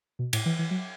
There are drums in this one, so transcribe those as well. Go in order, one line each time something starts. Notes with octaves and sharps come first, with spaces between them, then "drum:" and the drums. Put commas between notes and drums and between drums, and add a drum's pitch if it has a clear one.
B2
A2, drum: cymbal
E3
E3
F#3